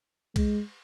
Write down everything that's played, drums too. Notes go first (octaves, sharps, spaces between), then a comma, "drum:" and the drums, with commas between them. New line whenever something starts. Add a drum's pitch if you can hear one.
G#3, drum: kick C2, cymbal